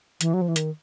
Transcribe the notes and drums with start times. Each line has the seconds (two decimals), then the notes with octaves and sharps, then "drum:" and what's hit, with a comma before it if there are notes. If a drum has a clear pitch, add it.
0.21 E3, drum: hi-hat
0.34 F#3
0.42 F3
0.48 E3
0.56 D#3, drum: hi-hat